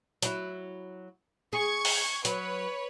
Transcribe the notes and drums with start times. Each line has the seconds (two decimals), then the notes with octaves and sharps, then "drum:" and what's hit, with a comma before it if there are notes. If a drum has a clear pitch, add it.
0.22 F#3 E4, drum: hi-hat
1.53 G#4 C#6 G#6
1.85 drum: open hi-hat
2.25 F#3 B4 C#5, drum: hi-hat